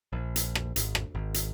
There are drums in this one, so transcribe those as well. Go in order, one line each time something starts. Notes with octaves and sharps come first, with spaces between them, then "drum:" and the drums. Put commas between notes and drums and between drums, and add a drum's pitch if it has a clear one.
A#1
drum: hi-hat
drum: rim click
G#1, drum: hi-hat
drum: rim click
G#1
drum: hi-hat